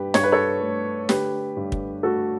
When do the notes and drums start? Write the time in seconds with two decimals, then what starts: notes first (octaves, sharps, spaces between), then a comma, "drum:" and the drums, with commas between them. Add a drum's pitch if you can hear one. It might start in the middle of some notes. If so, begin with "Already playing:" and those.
Already playing: G2 G4 B4
0.14 G2 C#5, drum: snare
0.23 B4
0.32 A4 C#5
0.61 A3
1.09 D3 G4 B4, drum: snare
1.57 G2
1.72 drum: kick
2.03 A3 F#4 A4